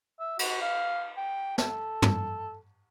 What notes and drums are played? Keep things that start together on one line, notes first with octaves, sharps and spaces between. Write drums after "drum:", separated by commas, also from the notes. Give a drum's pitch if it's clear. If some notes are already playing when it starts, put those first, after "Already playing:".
E5
F#4, drum: cymbal
F5
G5
A4, drum: snare
drum: tom